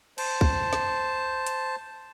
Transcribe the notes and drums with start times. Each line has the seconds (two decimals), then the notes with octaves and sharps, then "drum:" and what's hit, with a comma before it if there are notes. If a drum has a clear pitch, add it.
0.18 C5 A5, drum: cymbal
0.41 drum: kick
0.73 drum: snare
1.46 drum: hi-hat